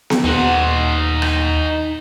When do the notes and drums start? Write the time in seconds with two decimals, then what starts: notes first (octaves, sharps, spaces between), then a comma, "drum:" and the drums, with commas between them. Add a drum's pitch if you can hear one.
0.10 drum: snare B3
0.24 D#2 D#4 F#5
1.22 drum: rim click